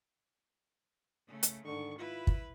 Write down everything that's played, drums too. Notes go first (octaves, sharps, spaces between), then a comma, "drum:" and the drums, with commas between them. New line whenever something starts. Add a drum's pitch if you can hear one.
C#3 A3
drum: hi-hat
G#2 D3 D#3 C#6
E4 F4 B4
drum: kick